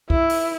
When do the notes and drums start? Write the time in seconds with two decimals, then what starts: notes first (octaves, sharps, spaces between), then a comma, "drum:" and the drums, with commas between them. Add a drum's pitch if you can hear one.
0.10 E4, drum: kick B1
0.30 drum: open hi-hat